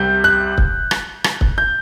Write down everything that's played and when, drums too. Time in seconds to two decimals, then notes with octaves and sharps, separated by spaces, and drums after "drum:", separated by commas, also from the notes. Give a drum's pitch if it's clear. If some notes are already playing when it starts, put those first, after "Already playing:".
Already playing: C2 C3 G3 G6
0.24 F#6
0.58 drum: kick
0.91 drum: rim click
1.24 drum: rim click
1.41 drum: kick
1.58 G6